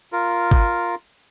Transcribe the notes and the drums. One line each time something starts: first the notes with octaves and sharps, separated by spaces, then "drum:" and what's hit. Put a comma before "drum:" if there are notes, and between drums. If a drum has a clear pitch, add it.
F4 A#4
drum: kick G#1